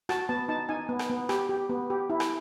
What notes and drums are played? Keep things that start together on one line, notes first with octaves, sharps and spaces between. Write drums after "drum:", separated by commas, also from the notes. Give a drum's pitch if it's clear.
F#4 A5, drum: rim click
B3 A5
D#4 A5
D#4 G#5
B3
drum: rim click
B3
G4, drum: rim click
G4
B3
G4
E4
drum: rim click